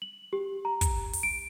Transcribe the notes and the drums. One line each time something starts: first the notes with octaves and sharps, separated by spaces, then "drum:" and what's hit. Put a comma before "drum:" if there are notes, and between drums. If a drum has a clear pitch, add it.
F#7
G4
A#5
drum: kick, hi-hat
drum: open hi-hat
D7